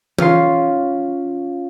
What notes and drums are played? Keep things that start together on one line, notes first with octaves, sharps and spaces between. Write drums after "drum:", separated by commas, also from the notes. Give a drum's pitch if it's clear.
C#4 F4 C6, drum: tom E3